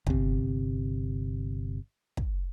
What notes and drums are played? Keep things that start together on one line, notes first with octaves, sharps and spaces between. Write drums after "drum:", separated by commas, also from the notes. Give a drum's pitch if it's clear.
G1 C3, drum: kick
drum: kick